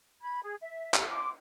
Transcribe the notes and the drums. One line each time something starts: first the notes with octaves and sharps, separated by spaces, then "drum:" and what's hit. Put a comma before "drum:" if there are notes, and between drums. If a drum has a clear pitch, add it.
B5 G#6
G#4
E5
G4 A4, drum: clap
C6 D6